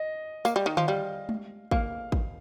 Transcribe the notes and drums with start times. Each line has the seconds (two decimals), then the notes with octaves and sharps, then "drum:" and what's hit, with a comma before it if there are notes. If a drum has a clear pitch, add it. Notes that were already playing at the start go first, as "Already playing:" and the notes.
Already playing: D#5
0.45 A#3, drum: tambourine
0.56 G3
0.66 D#3
0.77 F3, drum: tom D3
0.88 G3 F5
1.29 drum: tom G#3
1.71 A#3 F5, drum: kick
2.12 drum: kick